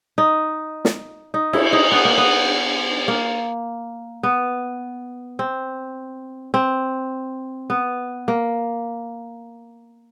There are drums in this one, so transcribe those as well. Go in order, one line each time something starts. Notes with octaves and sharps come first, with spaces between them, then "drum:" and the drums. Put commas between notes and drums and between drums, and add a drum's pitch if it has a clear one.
D#4
drum: snare
D#4
E4, drum: cymbal
D#4
B3
A#3
B3
A#3
B3
C4
C4
B3
A#3